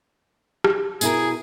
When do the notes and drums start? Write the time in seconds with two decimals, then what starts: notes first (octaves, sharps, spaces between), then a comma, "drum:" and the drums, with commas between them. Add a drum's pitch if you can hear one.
0.64 drum: rim click
1.01 B2 E4 G#4 A#4, drum: tambourine